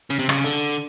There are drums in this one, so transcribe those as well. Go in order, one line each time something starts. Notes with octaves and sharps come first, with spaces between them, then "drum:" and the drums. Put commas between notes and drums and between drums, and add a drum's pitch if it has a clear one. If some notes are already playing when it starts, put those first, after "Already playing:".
C#3
C3
C#3, drum: rim click
D3